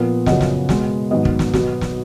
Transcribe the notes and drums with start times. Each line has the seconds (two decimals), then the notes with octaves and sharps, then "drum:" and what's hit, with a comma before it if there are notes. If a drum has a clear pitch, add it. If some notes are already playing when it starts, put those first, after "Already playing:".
Already playing: A#2 F3 B3
0.26 F#2 C#3 F3 B3 D#5 F#5, drum: snare
0.41 drum: snare
0.69 B2 G#3 B3, drum: snare
1.11 G#2 D#3 F#3 B3 B4 D#5
1.25 drum: kick
1.39 drum: snare
1.54 B2 F#3 B3, drum: snare
1.81 drum: snare